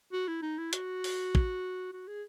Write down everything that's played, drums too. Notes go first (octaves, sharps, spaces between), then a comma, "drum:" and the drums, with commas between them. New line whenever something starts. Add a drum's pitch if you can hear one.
F#4
E4
D#4
E4
F#4, drum: hi-hat
drum: open hi-hat
drum: kick
F#4
G#4